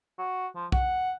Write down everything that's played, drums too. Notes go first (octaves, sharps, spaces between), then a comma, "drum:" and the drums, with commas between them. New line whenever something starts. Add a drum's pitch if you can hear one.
F#4
F3
F#5, drum: kick B1